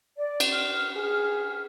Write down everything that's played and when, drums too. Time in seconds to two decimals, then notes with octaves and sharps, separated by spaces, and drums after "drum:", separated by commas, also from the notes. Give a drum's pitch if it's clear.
0.17 D5
0.40 drum: cymbal
0.53 F6
0.96 G#4